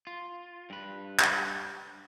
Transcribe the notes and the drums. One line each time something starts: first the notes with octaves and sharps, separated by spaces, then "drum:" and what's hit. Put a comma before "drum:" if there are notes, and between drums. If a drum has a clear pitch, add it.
F4
G2 B4
drum: clap